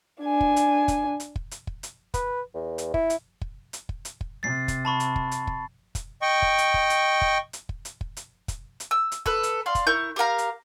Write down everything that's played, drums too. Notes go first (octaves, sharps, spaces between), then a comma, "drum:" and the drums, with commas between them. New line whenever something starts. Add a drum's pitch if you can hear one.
D4 G#5
drum: kick
drum: hi-hat
drum: kick, hi-hat
drum: hi-hat
drum: kick
drum: hi-hat
drum: kick
drum: hi-hat
B4, drum: kick, hi-hat
E2
drum: hi-hat
E4, drum: kick
drum: hi-hat
drum: kick
drum: hi-hat
drum: kick
drum: hi-hat
drum: kick
C3 A6 C7
drum: kick, hi-hat
A5 B5 C#6
drum: hi-hat
drum: kick
drum: hi-hat
drum: kick
drum: kick, hi-hat
D#5 G5 C#6
drum: kick
drum: hi-hat
drum: kick
drum: hi-hat
drum: kick
drum: hi-hat
drum: kick
drum: hi-hat
drum: kick
drum: hi-hat
drum: kick, hi-hat
drum: hi-hat
E6
drum: hi-hat
A4 B4, drum: kick
drum: hi-hat
D5 F5 C6
drum: kick, hi-hat
E4 A#4 C#6 G6
G4 A#4 F5 A#5
drum: hi-hat